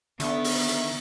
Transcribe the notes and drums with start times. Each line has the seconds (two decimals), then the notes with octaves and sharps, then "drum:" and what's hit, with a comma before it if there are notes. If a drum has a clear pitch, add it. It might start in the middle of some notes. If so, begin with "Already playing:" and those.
0.20 D3 D#3 B3 E5, drum: hi-hat
0.44 drum: open hi-hat
0.69 drum: hi-hat